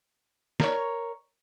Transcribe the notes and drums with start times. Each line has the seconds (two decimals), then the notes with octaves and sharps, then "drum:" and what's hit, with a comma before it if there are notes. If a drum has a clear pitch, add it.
0.60 A#4 C#5, drum: snare